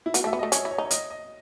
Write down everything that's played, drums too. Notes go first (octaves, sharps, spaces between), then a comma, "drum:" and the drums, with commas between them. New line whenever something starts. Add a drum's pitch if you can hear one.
E4
B3 F#4, drum: hi-hat
A3
E5
B3
A3 D#5
C#4 C#5, drum: hi-hat
E4
C#5
D#4
C#5
D#5, drum: hi-hat
D#5